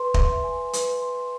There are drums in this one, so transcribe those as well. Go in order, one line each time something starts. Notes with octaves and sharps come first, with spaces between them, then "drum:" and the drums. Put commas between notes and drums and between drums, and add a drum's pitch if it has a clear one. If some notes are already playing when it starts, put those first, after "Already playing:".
Already playing: B4 C6
E5, drum: kick
G#5
B4, drum: hi-hat
C6